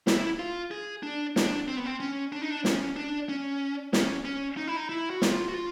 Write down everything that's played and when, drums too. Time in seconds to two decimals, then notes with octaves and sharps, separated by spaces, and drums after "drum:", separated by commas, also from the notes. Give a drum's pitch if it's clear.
0.07 E4, drum: snare
0.39 F4
0.71 G#4
1.03 D4
1.36 D4, drum: snare
1.68 C4
1.77 B3
1.86 C4
2.00 C#4
2.32 D4
2.41 D#4
2.50 D4
2.65 C#4, drum: snare
2.96 D4
3.29 C#4
3.93 C#4, drum: snare
4.25 C#4
4.57 D#4
4.67 E4
4.77 D#4
4.89 E4
5.10 F#4
5.22 F4, drum: snare
5.48 F#4
5.54 F4